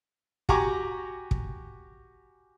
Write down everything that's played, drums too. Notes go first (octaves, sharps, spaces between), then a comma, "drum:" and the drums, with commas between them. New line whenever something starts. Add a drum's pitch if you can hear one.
F#4 G4 G#5 A#5 C#6 D6, drum: kick
drum: kick